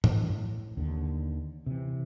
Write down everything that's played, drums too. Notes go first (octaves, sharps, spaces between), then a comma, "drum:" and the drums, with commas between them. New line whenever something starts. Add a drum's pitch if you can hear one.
A2, drum: tom G#2
D#2 D3
C3 E3